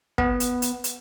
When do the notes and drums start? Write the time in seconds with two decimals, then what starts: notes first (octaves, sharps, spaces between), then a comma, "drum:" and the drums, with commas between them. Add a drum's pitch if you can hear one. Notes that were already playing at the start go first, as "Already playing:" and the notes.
0.18 B3, drum: kick
0.40 drum: hi-hat
0.62 drum: hi-hat
0.84 drum: hi-hat